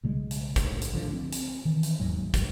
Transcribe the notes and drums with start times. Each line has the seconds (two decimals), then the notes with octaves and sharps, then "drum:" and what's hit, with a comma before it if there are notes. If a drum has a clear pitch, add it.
0.03 B1 C#3 G3 G#3
0.31 drum: hi-hat
0.56 drum: kick, hi-hat
0.82 drum: hi-hat
0.93 A1 D3 F3
1.13 C4
1.32 drum: hi-hat
1.65 D#3 E3
1.83 drum: hi-hat
2.00 E1 D#2 G#2 F#3
2.34 G2, drum: kick, hi-hat